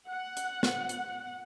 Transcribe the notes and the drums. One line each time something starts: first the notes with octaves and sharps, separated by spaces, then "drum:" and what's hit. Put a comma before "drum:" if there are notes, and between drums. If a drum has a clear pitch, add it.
F#5
drum: hi-hat
drum: snare
drum: hi-hat